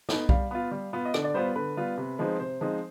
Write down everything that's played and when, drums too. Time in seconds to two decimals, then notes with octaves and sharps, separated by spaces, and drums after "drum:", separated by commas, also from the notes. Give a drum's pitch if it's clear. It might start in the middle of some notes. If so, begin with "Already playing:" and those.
0.09 B3 D#4, drum: snare
0.29 G3 F5, drum: kick B1
0.51 B3 F4
0.71 G3
0.93 B3 F4
1.05 D#5
1.14 D3 D5, drum: rim click
1.24 D5
1.34 G3 B3 F4 C5
1.45 B4
1.56 D3 B4
1.77 G3 B3 F4
1.98 C3
2.19 F3 G#3 C4 D#4
2.40 C3 C5
2.61 F3 G#3 C4 D#4